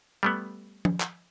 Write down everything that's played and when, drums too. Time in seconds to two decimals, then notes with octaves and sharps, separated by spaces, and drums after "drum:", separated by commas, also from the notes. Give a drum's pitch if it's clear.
0.23 G3 A3 B3
0.85 drum: tom
1.01 drum: clap